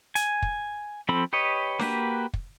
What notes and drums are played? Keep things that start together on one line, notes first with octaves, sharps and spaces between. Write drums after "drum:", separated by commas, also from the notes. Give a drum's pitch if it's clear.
G#5, drum: hi-hat
drum: kick
F3 C4 A4 B5
G4 B4 C#5 D#5
A#3 F#4 G4 B4, drum: snare D4
drum: kick